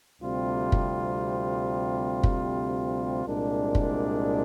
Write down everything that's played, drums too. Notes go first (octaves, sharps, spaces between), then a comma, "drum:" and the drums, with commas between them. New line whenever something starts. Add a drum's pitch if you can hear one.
D2 C3 G3 C4 F4
drum: kick
drum: kick
C2 A#2 G#3 D4
drum: kick